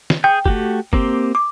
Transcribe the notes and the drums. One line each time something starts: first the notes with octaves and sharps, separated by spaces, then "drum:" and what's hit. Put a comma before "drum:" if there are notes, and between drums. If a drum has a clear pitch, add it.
drum: snare
G#4 G5 G6
A3 F#4 G4, drum: kick F#1
A#3 C4 G4, drum: kick F#1
D6